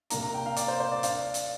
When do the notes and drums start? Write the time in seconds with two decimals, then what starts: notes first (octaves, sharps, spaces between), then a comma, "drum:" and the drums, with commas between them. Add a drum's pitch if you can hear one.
0.10 C3 A#3 D4 A#5, drum: hi-hat
0.23 A#5
0.34 G5
0.46 F5
0.56 D5, drum: hi-hat
0.68 C5
0.80 C5
0.92 D5
1.03 D4 F5, drum: hi-hat
1.34 drum: hi-hat